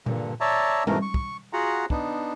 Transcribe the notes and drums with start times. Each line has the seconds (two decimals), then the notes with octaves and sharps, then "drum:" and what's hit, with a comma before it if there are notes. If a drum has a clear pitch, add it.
0.06 G2 A#2 D3, drum: tom A#2
0.41 C#5 D5 E5 A5 A#5
0.87 G#2 B2 E3 A3 A#4, drum: tom G3
1.02 C#6
1.14 drum: kick
1.53 F4 F#4 G#4 F#5 A#5
1.90 B3 D4 D#4, drum: kick